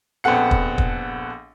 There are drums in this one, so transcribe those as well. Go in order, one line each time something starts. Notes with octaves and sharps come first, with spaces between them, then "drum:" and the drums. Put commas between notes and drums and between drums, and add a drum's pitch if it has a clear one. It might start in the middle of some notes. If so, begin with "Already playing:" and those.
A#1 B3 C4 A4 F#5 C#7
drum: kick
drum: kick